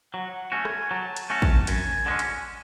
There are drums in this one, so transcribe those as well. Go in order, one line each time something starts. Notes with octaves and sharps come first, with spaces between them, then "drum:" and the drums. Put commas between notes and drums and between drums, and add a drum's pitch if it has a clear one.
F#3 F#5
A3 C#4 F#4 G#5
drum: rim click
F#3 A5
drum: hi-hat
A3 C#4 F#4 A5
drum: kick
F#2 G#5, drum: hi-hat
D3 G#3 C#4
drum: hi-hat